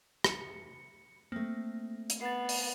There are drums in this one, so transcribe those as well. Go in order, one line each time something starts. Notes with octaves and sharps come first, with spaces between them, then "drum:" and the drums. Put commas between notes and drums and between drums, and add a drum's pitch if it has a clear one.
C#7, drum: rim click
A3 A#3 C4
drum: hi-hat
B3 A6 C7
drum: open hi-hat